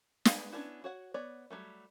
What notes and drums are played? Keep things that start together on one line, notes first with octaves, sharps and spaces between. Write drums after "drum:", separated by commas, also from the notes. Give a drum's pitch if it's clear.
B3 G#4 B4 F5 G#5, drum: snare
B3 C#4 D4 E4 F#4
F#4 C#5 F#5
B3 C#5 D5
F#3 G3 A3